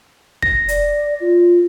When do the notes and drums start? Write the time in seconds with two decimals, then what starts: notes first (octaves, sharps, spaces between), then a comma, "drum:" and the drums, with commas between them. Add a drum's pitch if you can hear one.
0.43 A#6, drum: kick
0.68 D5, drum: hi-hat
1.21 F4